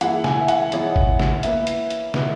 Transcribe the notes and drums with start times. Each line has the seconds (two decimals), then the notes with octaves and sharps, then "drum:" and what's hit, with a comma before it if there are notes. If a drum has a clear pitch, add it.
0.01 E3 A#3 E4 G#4 F#5, drum: hi-hat
0.24 G#5, drum: snare
0.41 E5
0.48 F#5, drum: hi-hat
0.72 E3 B3 D#4 G#4 C#5, drum: hi-hat
0.96 drum: kick G#1
1.19 drum: snare
1.43 A#3 E4 B4 E5, drum: hi-hat
1.67 drum: hi-hat
1.90 drum: hi-hat
2.14 D#3 G#3 B3 E4 B4, drum: snare